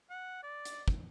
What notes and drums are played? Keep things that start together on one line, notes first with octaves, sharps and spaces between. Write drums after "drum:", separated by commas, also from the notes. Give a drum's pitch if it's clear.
F#5
D5
drum: hi-hat
drum: kick